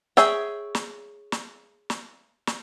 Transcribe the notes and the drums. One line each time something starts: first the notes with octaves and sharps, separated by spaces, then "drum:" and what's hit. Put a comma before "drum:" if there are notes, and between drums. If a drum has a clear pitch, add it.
G#4 C#5 E5 G5, drum: snare
drum: snare
drum: snare
drum: snare
drum: snare